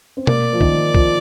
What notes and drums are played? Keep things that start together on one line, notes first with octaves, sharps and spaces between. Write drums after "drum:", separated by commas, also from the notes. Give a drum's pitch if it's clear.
C4
A#3 D5, drum: tom B2
F3
D#3, drum: kick
F3, drum: kick